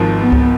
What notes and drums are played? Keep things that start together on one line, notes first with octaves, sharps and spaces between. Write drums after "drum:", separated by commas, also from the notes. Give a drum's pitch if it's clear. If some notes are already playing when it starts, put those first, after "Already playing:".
Already playing: G#1 G#2 F3
B3
drum: kick C#2